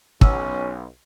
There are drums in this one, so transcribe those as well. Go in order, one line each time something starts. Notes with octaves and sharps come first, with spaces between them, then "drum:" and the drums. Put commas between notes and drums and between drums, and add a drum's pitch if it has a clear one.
B1 C#4 F#5 E6, drum: kick